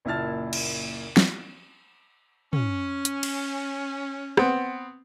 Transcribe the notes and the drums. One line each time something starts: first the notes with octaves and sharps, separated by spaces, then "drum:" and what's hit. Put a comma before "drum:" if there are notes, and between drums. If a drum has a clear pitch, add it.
F#1 A#2 E4 A5 F6 A6
drum: cymbal
drum: snare
C#4, drum: tom
drum: hi-hat
drum: cymbal
B3 C4, drum: rim click